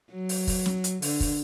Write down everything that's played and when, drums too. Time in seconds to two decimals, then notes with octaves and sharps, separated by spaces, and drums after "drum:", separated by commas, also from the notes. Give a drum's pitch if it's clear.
0.12 F#3
0.29 drum: open hi-hat
0.47 drum: kick, open hi-hat
0.66 drum: snare
0.84 drum: hi-hat
1.02 D3, drum: open hi-hat
1.20 drum: kick, open hi-hat